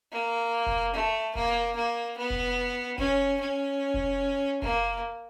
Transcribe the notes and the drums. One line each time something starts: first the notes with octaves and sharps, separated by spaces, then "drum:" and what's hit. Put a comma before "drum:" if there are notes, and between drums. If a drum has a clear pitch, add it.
A#3
drum: kick F1
A3
A#3, drum: kick F1
A#3
B3
drum: kick F1
C#4, drum: kick F1
C#4
drum: kick F1
A#3, drum: kick F1